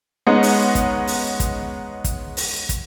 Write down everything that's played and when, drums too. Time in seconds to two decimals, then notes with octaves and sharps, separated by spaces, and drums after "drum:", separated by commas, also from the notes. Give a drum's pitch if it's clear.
0.27 G#3 B3 C#4 D#4
0.43 drum: open hi-hat
0.75 drum: kick, hi-hat
1.07 drum: open hi-hat
1.40 drum: kick, hi-hat
2.04 drum: kick, hi-hat
2.37 drum: open hi-hat
2.69 drum: kick, hi-hat